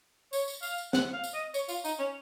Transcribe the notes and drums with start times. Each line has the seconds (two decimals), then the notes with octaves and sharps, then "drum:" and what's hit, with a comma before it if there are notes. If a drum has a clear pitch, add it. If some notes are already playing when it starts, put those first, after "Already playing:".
0.33 C#5, drum: tambourine
0.48 drum: tambourine
0.63 F5, drum: tambourine
0.78 drum: tambourine
0.93 F#5, drum: snare
1.14 F5
1.24 drum: tambourine
1.34 D#5
1.54 C#5, drum: tambourine
1.69 F4, drum: tambourine
1.85 D#4, drum: tambourine
1.99 C#4